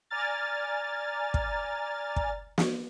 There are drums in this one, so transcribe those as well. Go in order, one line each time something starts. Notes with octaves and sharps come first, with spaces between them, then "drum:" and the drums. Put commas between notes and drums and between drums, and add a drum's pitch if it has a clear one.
D5 G#5 A#5 F6 A6
drum: kick
drum: kick
drum: snare